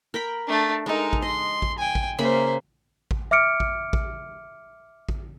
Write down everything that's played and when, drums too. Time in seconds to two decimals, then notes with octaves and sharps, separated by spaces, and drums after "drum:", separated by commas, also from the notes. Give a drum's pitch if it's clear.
0.14 A#4 G5 B5
0.47 A3 D4
0.86 G#3 D#4 A4 A#4
1.13 drum: kick A1
1.22 D#5 C6
1.62 drum: kick A1
1.79 G5 G#5
1.95 drum: kick A1
2.18 C#3 A#3 C5 E5 B5
3.11 drum: kick A1
3.31 E5 D6 F6 C#7 D7
3.60 drum: kick A1
3.93 drum: kick A1
5.09 drum: kick A1